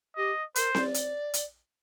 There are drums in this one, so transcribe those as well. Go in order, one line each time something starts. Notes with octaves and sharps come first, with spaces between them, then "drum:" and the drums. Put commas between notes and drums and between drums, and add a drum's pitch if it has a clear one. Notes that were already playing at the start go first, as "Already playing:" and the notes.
G4 D#5
A#4 C5, drum: hi-hat
D5, drum: snare C4
drum: hi-hat
drum: hi-hat